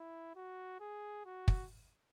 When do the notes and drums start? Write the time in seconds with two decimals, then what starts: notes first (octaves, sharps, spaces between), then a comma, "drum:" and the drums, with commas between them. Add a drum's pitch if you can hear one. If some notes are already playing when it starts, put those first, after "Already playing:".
Already playing: E4
0.36 F#4
0.80 G#4
1.26 F#4
1.48 drum: kick